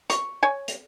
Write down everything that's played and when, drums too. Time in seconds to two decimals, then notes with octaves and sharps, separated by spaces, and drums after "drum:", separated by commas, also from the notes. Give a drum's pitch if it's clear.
0.10 C#6, drum: hi-hat
0.43 C#5 G#5
0.68 drum: hi-hat